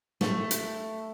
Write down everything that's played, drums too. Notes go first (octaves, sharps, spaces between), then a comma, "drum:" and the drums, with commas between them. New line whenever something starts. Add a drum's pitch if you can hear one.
A3, drum: snare
drum: hi-hat